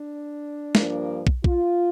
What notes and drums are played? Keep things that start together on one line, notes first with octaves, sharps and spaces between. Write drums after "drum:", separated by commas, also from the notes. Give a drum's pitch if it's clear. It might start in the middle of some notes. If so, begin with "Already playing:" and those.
Already playing: D4
G2 F3 A#3, drum: snare
drum: kick
F4, drum: kick